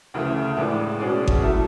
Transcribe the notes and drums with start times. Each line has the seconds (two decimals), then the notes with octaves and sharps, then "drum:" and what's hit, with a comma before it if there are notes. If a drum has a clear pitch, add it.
0.14 D2 C#3 E3 A3
0.57 A2 E3 G#3 D4
0.99 B2 G#3 C#4 G#4 D5
1.28 drum: kick G#1
1.42 F#3 A3 E4 A4